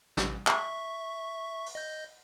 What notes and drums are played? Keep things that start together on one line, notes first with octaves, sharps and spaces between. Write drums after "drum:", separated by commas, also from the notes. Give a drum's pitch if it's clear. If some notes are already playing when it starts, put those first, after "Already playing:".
A1, drum: snare
E5 C#6, drum: clap
drum: open hi-hat
D#5 G6